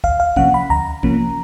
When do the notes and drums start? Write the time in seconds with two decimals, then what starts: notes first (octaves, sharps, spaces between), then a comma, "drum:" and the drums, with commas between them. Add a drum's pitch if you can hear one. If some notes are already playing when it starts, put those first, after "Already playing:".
0.04 D2 F5, drum: kick
0.20 F5
0.36 C3 F3 A#3 C#4 F#5, drum: kick
0.54 B5
0.70 D2 A#5
1.03 C3 F3 A#3 C#4, drum: kick